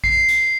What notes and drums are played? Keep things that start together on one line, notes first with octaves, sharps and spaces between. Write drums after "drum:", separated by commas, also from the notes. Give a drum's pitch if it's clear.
C7, drum: kick A#1
drum: hi-hat